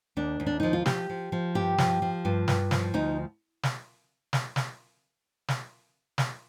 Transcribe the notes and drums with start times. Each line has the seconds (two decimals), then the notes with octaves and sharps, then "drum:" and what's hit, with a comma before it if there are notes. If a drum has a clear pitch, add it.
0.17 D#2 D4
0.40 D#2
0.46 D4
0.60 F3 D#4
0.73 F4
0.86 F3 G4, drum: snare
1.09 F3
1.32 F3
1.55 G2 G4
1.78 F3, drum: snare
2.02 F3
2.25 G2 F4
2.48 G2, drum: snare
2.71 F3, drum: snare
2.94 D2 D#4
3.63 drum: snare
4.33 drum: snare
4.56 drum: snare
5.48 drum: snare
6.18 drum: snare